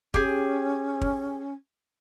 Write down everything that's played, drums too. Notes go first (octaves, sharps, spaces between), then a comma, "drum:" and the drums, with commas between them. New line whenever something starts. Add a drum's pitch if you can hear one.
C#4 G4 G#4, drum: kick
drum: kick